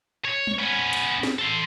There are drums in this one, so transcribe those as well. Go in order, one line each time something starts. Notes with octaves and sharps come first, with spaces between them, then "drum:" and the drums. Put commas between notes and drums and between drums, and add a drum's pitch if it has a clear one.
C#5
drum: tom G3
B3 C#4
drum: hi-hat
drum: snare
A4 C6